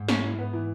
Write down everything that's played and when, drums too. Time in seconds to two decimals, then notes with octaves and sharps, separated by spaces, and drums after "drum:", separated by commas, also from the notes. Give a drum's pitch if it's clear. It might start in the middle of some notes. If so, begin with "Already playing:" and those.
Already playing: G#2
0.08 C#4, drum: snare
0.23 A2
0.39 B3
0.53 E3